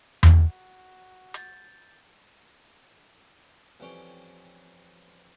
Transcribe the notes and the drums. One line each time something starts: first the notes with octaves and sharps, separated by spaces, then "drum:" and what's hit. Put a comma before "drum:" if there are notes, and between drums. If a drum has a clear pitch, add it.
F#4, drum: tom E2
G6 A6, drum: hi-hat
F2 E3 G3 C#4 C#5 G5